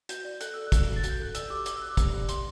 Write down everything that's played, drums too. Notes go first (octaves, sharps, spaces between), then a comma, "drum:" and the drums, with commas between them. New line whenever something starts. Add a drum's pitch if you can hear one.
F#4 G6, drum: hi-hat
D5
A4 F#6, drum: hi-hat
A4 E6
F#6
F#4, drum: kick, hi-hat
F#4
A6
F#4, drum: hi-hat
G6
A4 F#6
D5 E6, drum: hi-hat
G4 D6
D5 D6, drum: hi-hat
E6
D5 F#6
G4, drum: kick, hi-hat
G4
G4 C6, drum: hi-hat